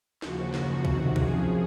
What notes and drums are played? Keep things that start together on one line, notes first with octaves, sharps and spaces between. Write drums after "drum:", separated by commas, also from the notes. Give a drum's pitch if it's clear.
D#2 C#3 F3 F#4, drum: snare
F#2 C#3 F3, drum: snare
F2 C3 D#3, drum: kick
F#2 F3 G#4, drum: kick